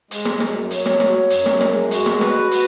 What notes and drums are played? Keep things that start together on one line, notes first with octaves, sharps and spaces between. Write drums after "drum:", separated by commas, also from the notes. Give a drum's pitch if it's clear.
G#3, drum: hi-hat
drum: snare
F#2, drum: snare
F#3, drum: hi-hat
drum: snare
F#3, drum: snare
F#2, drum: hi-hat
drum: snare
G#3, drum: snare
F#4, drum: hi-hat
drum: snare
B4, drum: snare
F#4, drum: hi-hat